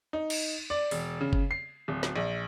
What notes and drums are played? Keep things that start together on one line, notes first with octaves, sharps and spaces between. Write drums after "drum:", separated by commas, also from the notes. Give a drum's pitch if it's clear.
D#4
drum: cymbal
D5
E1, drum: open hi-hat
C#3
drum: kick F#1
C7
D1
drum: snare
A#1